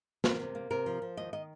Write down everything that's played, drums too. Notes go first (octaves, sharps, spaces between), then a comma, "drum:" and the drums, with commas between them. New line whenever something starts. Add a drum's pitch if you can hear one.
C3 A#4, drum: snare
C3
A#3
C3 A#4
F3
F3
D#2 D#5
D#3 D#5